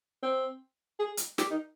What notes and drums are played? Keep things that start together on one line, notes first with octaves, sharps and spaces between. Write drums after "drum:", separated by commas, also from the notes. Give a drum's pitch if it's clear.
C4
G#4
drum: hi-hat
G4, drum: snare
D#4